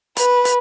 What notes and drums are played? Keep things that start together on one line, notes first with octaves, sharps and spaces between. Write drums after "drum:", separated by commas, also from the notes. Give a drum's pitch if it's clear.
B4, drum: hi-hat
drum: hi-hat